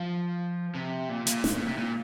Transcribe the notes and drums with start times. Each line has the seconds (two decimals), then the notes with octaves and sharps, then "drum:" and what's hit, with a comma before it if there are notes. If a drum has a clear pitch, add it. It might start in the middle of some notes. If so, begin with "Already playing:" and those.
Already playing: F3
0.75 C3
1.09 A#2
1.27 A#2, drum: hi-hat
1.44 G#2, drum: snare
1.55 A#2
1.66 C3
1.77 A#2